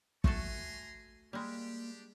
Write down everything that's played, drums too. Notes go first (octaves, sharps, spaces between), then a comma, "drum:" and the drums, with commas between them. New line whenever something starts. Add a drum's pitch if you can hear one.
A3 F#4 A4 G#5 A#5 C6, drum: kick
G3 G#3 A#3 D4 G4